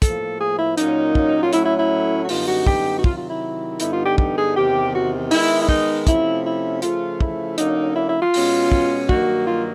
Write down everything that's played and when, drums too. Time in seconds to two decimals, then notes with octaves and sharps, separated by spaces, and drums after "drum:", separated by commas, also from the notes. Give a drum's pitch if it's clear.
0.02 A2 F3 A#3 A4, drum: kick, hi-hat
0.39 G#4
0.59 E4
0.78 A#2 F#3 A#3 C#4 D#4, drum: hi-hat
1.15 drum: kick
1.43 F4
1.53 A2 F#3 A3 C#4 E4, drum: hi-hat
1.65 E4
1.79 E4
2.23 F#4
2.29 F#2 D3 G3 B3 D#4 F4, drum: open hi-hat
2.47 F#4
2.66 G4, drum: kick
2.99 F#4
3.04 C3 D#3 F#3 F4, drum: kick
3.17 F4
3.30 E4
3.80 G2 D3 G3 B3 D#4 E4, drum: hi-hat
3.93 F4
4.05 G4
4.18 G4, drum: kick
4.37 G#4
4.55 E2 C3 D#3 G4
4.94 F#4
5.31 D#3 G#3 B3 E4, drum: open hi-hat
5.62 E4
5.69 D#4, drum: kick
6.07 C3 F3 A3 C#4 E4, drum: kick, hi-hat
6.45 E4
6.82 C#3 F3 A3 F4, drum: hi-hat
7.20 E4, drum: kick
7.58 D3 F#3 A#3 C#4 D#4, drum: hi-hat
7.95 E4
8.08 E4
8.21 F4
8.34 B2 G#3 C#4, drum: open hi-hat
8.72 drum: kick
9.09 G2 D#3 F#3 A#3 D#4 F#4, drum: kick
9.47 F4